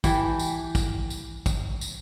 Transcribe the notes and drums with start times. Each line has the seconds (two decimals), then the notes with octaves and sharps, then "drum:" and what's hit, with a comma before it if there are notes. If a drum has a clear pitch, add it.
0.04 E3 G4 A5, drum: kick, tambourine
0.39 drum: tambourine
0.75 drum: kick, tambourine
1.10 drum: tambourine
1.46 drum: kick, tambourine
1.81 drum: tambourine